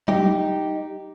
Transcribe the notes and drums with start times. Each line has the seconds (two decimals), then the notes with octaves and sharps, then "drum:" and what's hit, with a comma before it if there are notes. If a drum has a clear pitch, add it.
0.08 D#4 G4, drum: tom F#3